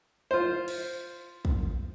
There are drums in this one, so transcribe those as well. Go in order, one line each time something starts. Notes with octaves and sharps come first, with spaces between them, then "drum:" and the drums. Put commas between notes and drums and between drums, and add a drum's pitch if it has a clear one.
F4 C5
drum: cymbal
drum: kick